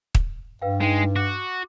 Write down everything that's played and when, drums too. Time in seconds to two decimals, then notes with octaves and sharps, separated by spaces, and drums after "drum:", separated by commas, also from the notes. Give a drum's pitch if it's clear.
0.15 drum: kick
0.62 G2 B4 F5 G5
0.81 G#3 D#4 G5 B6
1.16 F#4 D6